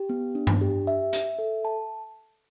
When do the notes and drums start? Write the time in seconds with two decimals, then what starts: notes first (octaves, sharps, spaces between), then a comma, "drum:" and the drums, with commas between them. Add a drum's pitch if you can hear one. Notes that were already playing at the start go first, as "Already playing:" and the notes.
Already playing: G4
0.09 B3
0.35 D4
0.47 drum: tom G2
0.61 G4
0.87 E5
1.13 E5, drum: hi-hat
1.39 A4
1.65 A5